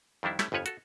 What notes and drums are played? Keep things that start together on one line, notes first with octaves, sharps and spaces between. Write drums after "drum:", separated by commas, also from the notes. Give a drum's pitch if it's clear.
F2 D#3 G3 D4 E4
G3 A3 C#4 E4, drum: snare
G1 F2 F3 B4 C#5 G#5
F#4 A4, drum: hi-hat